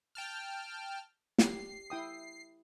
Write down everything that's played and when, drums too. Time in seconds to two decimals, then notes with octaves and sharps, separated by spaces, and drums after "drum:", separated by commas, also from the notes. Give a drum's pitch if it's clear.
0.15 G5 A5 F6
1.38 G4 C7, drum: snare
1.90 E4 G5 D#6